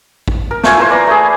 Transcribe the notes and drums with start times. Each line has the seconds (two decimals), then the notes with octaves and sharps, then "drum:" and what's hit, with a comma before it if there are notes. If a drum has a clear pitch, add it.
0.28 drum: kick
0.51 A#4
0.64 A3 F4 G#5 E6, drum: snare
0.78 E4 A#4 C5
0.90 B4 D5 A#5
1.07 A3 G#4